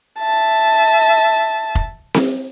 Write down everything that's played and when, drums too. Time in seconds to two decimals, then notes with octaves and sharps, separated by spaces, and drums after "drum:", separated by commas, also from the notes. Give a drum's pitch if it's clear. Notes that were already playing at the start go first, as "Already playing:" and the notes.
0.19 E5 A5
1.75 drum: kick F1
2.14 drum: snare C4